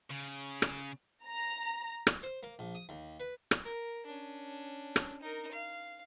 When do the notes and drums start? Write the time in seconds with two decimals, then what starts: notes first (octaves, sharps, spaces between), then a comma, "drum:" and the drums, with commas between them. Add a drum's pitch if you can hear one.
0.10 C#3
0.62 drum: rim click
1.25 A#5
2.07 drum: rim click
2.23 C5
2.43 A#3
2.59 A#1
2.75 D#6
2.89 D#2
3.20 B4
3.51 drum: rim click
3.64 A#4
4.06 C#4 D4
4.96 drum: rim click
5.21 D#4 A#4
5.51 F5